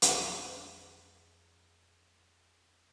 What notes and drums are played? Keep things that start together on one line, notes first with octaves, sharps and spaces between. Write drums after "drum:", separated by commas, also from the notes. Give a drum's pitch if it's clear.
F2 G#4, drum: hi-hat